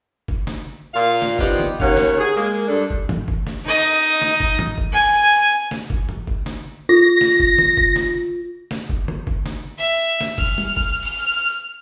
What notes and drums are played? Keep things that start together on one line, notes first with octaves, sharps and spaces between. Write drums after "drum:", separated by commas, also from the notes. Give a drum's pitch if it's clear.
drum: kick
drum: snare
A#2 F5
drum: snare
B3 C4 D4 D#4 F4 G4, drum: kick
drum: tom D3
D#2 D#3 C#4 C#5 F5 F#5, drum: kick
drum: snare
G#4
G#3 A#3 G#4
G2 D4 A4
drum: kick
drum: tom
drum: kick
drum: snare
D#4 D#5
drum: snare
drum: kick
drum: tom
drum: kick
G#5
drum: snare
drum: kick
drum: tom G#2
drum: kick
drum: snare
F4 A#6
drum: snare
drum: kick
drum: tom D3
drum: kick
drum: snare
drum: snare
drum: kick
drum: tom D3
drum: kick
drum: snare
E5
drum: snare
F6, drum: kick
drum: tom G3
drum: kick
F6